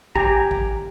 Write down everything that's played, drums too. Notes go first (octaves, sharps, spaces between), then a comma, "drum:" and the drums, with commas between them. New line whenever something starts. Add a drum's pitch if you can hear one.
G4 G5 G#5 A#5, drum: kick A1
drum: kick A1